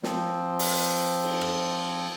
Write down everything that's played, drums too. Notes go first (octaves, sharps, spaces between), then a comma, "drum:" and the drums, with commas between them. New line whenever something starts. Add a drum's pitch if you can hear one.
F3 C4, drum: snare
drum: open hi-hat
drum: cymbal
drum: rim click